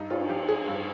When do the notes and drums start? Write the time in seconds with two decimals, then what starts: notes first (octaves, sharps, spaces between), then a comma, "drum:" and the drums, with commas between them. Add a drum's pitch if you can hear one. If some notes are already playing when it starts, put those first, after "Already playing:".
Already playing: G2 D#4
0.10 F4, drum: cymbal
0.29 F3 G4
0.48 G#4
0.68 G2